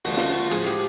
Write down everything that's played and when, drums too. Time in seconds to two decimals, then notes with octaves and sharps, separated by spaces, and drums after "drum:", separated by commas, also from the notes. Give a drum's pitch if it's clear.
0.04 D#2 D3 F3 G#3 F#4, drum: open hi-hat
0.17 F4, drum: snare
0.30 F#4
0.51 A2 F3 G#3 G#4, drum: hi-hat
0.66 G4, drum: hi-hat